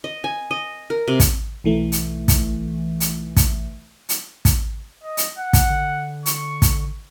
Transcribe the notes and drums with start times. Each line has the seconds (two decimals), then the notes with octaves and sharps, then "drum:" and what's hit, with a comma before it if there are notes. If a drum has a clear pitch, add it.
0.04 D#5
0.24 G#5
0.51 D#5
0.90 A#4
1.08 C3
1.20 drum: kick, hi-hat
1.64 B1 E3 A3
1.92 drum: hi-hat
2.28 drum: kick, hi-hat
3.00 drum: hi-hat
3.36 drum: kick, hi-hat
4.09 drum: hi-hat
4.45 drum: kick, hi-hat
5.04 D#5
5.17 drum: hi-hat
5.38 F#5
5.53 drum: kick, hi-hat
5.70 D3
6.26 C#6, drum: hi-hat
6.62 drum: kick, hi-hat